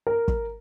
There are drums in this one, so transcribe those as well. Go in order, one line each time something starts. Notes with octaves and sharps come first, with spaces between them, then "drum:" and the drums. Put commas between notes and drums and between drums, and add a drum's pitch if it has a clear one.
A#4
drum: kick